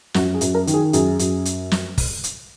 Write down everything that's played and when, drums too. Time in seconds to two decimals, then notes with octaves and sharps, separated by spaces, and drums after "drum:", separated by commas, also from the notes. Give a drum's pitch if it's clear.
0.14 F#2 F#4, drum: snare
0.34 G#4
0.41 F#2, drum: hi-hat
0.54 A#4
0.67 D#3, drum: hi-hat
0.74 G#4
0.93 F#2 G#4, drum: hi-hat
1.19 F#2, drum: hi-hat
1.45 drum: hi-hat
1.71 drum: snare
1.98 drum: kick, open hi-hat
2.24 drum: hi-hat